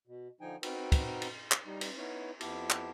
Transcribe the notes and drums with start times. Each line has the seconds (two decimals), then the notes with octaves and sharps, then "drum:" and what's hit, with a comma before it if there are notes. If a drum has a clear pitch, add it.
0.07 B2
0.41 D3 F3 D#4 G5 G#5
0.63 C4 D#4 F#4 A#4 B4 G5, drum: cymbal
0.92 drum: kick, cymbal
1.22 drum: cymbal
1.51 drum: clap
1.66 G3 D#4
1.81 drum: cymbal
1.98 B3 D#4 E4 B4 C#5
2.41 F2 B3 E4 G4 A5, drum: cymbal
2.70 drum: clap